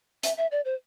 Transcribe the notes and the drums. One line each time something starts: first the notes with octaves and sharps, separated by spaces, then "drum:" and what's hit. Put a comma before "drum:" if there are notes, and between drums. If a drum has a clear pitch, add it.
E5, drum: hi-hat
E5
D5
C5